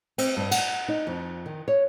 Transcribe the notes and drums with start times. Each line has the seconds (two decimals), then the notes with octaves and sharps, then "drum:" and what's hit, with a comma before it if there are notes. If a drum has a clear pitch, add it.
0.18 C4, drum: cymbal
0.37 G2
0.51 F#5, drum: cymbal
0.88 D#4
1.07 F2
1.46 D#3
1.68 C#5